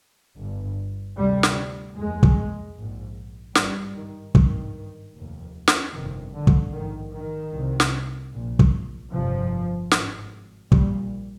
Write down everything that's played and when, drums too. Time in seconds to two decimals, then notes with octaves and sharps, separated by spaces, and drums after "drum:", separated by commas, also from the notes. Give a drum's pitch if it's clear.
0.37 G1 G2
1.17 D2 C3 G3
1.43 drum: snare
1.96 F1 D#2 G#3
2.23 drum: kick
2.75 A#1 G#2
3.55 G#1 G2 G3, drum: snare
3.95 D#3
4.35 G#1 G2 D#3, drum: kick
5.15 F1 D#2
5.68 drum: snare
5.94 G1 F2 C3 D#3
6.33 D3
6.47 drum: kick
6.73 A#1 G#2 D#3
7.14 D#3
7.53 C2 C3
7.80 drum: snare
8.33 A#1 A#2
8.59 drum: kick
9.12 G1 F2 C3 F3
9.91 G#1 G#2, drum: snare
10.72 A#1 A#2 G3, drum: kick